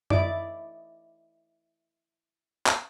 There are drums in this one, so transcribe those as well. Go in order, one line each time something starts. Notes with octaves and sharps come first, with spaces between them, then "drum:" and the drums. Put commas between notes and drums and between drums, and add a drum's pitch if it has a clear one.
E4 D5 D#5 D6, drum: tom F#2
drum: clap